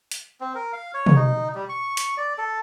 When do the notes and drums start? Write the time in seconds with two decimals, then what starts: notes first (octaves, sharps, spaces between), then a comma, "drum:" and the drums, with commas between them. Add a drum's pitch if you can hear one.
0.11 drum: hi-hat
0.41 C4
0.55 A#4
0.73 F5
0.94 C#5
1.06 drum: tom
1.16 D#4
1.55 G3
1.69 C#6
1.97 drum: hi-hat
2.17 D5
2.38 A4